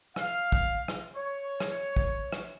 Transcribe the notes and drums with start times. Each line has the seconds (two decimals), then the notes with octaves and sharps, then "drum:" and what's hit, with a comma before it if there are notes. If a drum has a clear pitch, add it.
0.16 F5, drum: rim click
0.52 drum: kick
0.88 drum: rim click
1.16 C#5
1.60 drum: rim click
1.96 drum: kick
2.33 drum: rim click